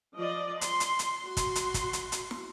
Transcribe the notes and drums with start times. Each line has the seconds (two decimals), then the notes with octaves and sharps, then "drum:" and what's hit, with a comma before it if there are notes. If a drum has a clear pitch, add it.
0.16 F3 D5 D#5
0.61 C6, drum: hi-hat
0.80 drum: hi-hat
0.99 drum: hi-hat
1.24 F#4 C6
1.37 drum: kick, hi-hat
1.55 drum: hi-hat
1.74 drum: kick, hi-hat
1.93 drum: hi-hat
2.12 drum: hi-hat
2.31 drum: snare